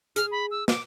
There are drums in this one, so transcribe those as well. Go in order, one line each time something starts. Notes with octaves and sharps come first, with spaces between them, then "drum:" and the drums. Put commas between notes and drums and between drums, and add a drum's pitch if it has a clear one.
G#4 F6, drum: hi-hat
B5
E6
D6, drum: snare